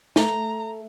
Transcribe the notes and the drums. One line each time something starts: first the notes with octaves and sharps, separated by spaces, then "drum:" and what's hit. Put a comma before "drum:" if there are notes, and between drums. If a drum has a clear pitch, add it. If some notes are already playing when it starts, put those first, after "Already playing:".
A3 A#5, drum: snare